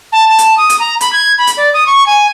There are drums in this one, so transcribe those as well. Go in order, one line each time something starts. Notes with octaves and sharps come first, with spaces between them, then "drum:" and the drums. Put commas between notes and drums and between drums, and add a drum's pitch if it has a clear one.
A5
A5
drum: hi-hat
D#6
drum: hi-hat
A#5
B5, drum: hi-hat
G#6
B5
drum: hi-hat
D5
D#6
C#6
G#5